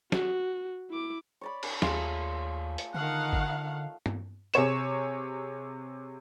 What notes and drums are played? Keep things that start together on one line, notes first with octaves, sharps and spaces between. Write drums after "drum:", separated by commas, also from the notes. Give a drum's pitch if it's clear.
F#4, drum: snare
E4 D6
C#5 D5 B5
drum: cymbal
D#2 A3 F4 G#4, drum: snare
drum: hi-hat
D3 D#3 F5 F#5 A5
drum: kick G1
drum: tom
C3 G#4 C#5 E7, drum: hi-hat